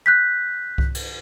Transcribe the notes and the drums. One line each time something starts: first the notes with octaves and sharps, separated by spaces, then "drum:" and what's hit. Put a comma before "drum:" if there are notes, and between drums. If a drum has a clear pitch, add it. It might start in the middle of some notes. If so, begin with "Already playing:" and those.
F#6 G6 B6
drum: kick C2
drum: cymbal